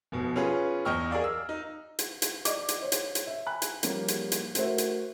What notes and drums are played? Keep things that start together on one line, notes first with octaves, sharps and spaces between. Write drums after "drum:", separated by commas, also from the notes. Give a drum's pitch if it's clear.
F1 B2
C#4 F4 G#4 B4
E2 D#5 G5 C#6 F6
G#4 A#4 D5 F5
E6
D#4
drum: hi-hat
drum: hi-hat
D5 D#5 D6, drum: hi-hat
drum: hi-hat
C5 C#5
drum: hi-hat
drum: hi-hat
E5
G5 G#5 B5 F#6
drum: hi-hat
F3 G3 A#3 C#4 G4, drum: hi-hat
drum: hi-hat
drum: hi-hat
A3 F#4 A#4 C5 E5, drum: hi-hat
drum: hi-hat